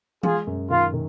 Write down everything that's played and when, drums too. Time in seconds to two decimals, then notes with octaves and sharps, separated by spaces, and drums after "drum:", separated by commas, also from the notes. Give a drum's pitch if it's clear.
0.23 G#3 F4 G#4, drum: tom E3
0.47 F#2
0.70 D#3 F4
0.94 D#3